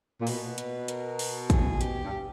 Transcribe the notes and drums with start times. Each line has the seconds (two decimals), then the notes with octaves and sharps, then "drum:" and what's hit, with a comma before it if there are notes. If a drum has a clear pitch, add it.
0.20 A#2
0.27 B2 B4, drum: open hi-hat
0.58 B4, drum: hi-hat
0.88 A#4, drum: hi-hat
1.19 drum: open hi-hat
1.50 G#4, drum: kick, hi-hat
1.81 G4, drum: hi-hat
2.04 G2